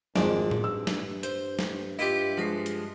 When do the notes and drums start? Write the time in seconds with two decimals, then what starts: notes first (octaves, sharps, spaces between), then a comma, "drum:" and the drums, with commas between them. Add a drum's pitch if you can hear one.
0.16 G#1 F2 G#3 D4, drum: snare
0.51 drum: tom A2
0.64 G2 E6
0.87 drum: snare
1.23 C5, drum: hi-hat
1.59 drum: snare
1.99 E4 F4 G4 D#5
2.37 F3 G#3 F#4 C7
2.66 drum: hi-hat